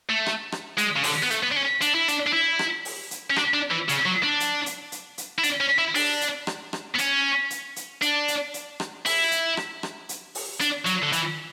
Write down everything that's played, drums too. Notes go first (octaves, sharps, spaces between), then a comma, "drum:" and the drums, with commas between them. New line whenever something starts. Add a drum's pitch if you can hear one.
A3
drum: rim click
drum: rim click
G#3, drum: hi-hat
C#3
D3, drum: open hi-hat
B3
A3, drum: hi-hat
B3
D4
C#4
D4, drum: hi-hat
E4
D4, drum: hi-hat
D4
E4
drum: rim click
drum: open hi-hat
drum: hi-hat
C#4
D4, drum: rim click
D4
E3
C#3, drum: hi-hat
F#3
D4
drum: hi-hat
drum: hi-hat
drum: hi-hat
drum: hi-hat
E4
D4, drum: hi-hat
C#4
E4
D4, drum: open hi-hat
drum: hi-hat
drum: rim click
drum: rim click
B3
C#4, drum: hi-hat
drum: hi-hat
drum: hi-hat
D4, drum: hi-hat
drum: hi-hat
drum: hi-hat
drum: rim click
E4, drum: open hi-hat
drum: hi-hat
drum: rim click
drum: rim click
drum: hi-hat
drum: open hi-hat
D4, drum: hi-hat
F#3, drum: hi-hat
D3
E3, drum: hi-hat